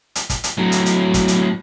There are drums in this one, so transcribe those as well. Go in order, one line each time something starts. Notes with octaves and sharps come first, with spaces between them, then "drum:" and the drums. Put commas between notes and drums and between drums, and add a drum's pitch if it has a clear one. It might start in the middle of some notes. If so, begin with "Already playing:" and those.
drum: hi-hat
drum: kick, hi-hat
drum: hi-hat
A2 F#3
drum: hi-hat
drum: hi-hat
drum: kick, hi-hat
drum: hi-hat